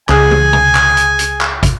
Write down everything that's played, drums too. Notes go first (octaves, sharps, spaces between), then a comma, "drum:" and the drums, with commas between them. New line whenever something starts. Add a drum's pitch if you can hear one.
C#2 G#4 G#5, drum: clap
drum: tom
drum: tom
drum: clap
drum: hi-hat
drum: hi-hat
drum: clap
drum: kick, hi-hat